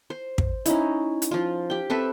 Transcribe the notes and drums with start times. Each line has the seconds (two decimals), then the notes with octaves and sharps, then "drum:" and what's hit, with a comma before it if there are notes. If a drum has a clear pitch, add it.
0.10 C5
0.38 drum: kick
0.66 C#4 D#4 E4, drum: hi-hat
1.22 drum: hi-hat
1.31 F3 F4
1.70 G4 G5
1.90 C4 A4 B4 E5